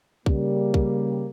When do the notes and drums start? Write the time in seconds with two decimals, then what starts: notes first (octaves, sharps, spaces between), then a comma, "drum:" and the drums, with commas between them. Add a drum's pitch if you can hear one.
0.26 C#3 G3 A#3, drum: kick
0.74 drum: kick